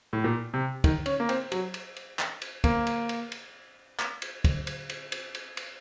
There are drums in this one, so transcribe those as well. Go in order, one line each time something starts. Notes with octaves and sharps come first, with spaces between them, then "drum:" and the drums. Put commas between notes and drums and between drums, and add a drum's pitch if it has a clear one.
A2
A#2
C3
D#3, drum: kick, cymbal
C#4, drum: cymbal
A#3
C4, drum: cymbal
F#3, drum: cymbal
drum: cymbal
drum: cymbal
drum: clap
drum: cymbal
A#3, drum: kick, cymbal
drum: cymbal
drum: cymbal
drum: cymbal
drum: clap
drum: cymbal
drum: kick, cymbal
drum: cymbal
drum: cymbal
drum: cymbal
drum: cymbal
drum: cymbal